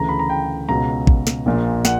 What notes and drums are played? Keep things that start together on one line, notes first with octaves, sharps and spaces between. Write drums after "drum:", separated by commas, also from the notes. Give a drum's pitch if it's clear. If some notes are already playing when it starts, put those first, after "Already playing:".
Already playing: D2 C#3 E3 A#5
B5
A#5
G5
C#2 B2 A#5
drum: kick A1
drum: snare
A#1 A#2
F#5, drum: snare